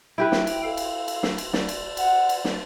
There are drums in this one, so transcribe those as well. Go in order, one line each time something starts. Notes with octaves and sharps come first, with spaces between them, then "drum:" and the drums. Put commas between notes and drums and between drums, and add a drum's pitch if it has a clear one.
E4 G4 B4 G5
drum: snare
drum: cymbal
A4 F5
drum: cymbal
drum: cymbal
drum: snare
drum: cymbal
D5, drum: snare
drum: cymbal
F#5, drum: cymbal
drum: cymbal
drum: snare